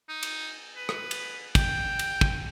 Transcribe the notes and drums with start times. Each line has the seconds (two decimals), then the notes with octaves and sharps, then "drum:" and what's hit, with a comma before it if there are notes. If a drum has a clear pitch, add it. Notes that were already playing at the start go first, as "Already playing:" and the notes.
0.09 D#4
0.23 drum: cymbal
0.76 B4
0.89 drum: rim click
1.11 drum: cymbal
1.55 G5, drum: kick, cymbal
1.99 drum: cymbal
2.21 drum: kick